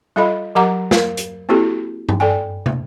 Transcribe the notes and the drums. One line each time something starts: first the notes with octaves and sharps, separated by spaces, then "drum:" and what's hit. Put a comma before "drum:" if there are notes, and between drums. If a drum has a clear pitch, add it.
G3 F4 A4 D#5 F5 B5
F#3 G4 A#4 F#5 A#5 D6
A#4 F5, drum: snare
drum: hi-hat
A#3 C4 E4 F#4 G4 A4
drum: tom G2
A4 D5 G5 G#5
drum: tom